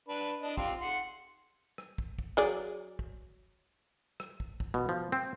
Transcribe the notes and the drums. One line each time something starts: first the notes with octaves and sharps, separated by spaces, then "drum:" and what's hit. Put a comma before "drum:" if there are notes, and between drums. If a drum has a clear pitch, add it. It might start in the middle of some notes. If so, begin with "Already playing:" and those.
D4 B4
D4 D#5
C4 F4 G4, drum: kick
F#5 C6
drum: rim click
drum: kick
drum: kick
F#3 G#4 D5
drum: kick
drum: rim click
drum: kick
drum: kick
B2
F3
C4